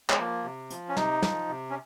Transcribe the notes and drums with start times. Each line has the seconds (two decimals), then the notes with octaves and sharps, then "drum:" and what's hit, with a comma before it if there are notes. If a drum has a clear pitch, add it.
0.10 G#3, drum: clap
0.18 F3 A#3
0.44 C3
0.70 F3, drum: hi-hat
0.89 C#4
0.97 C3 D#4, drum: snare
1.22 F3, drum: snare
1.49 C3
1.70 C#4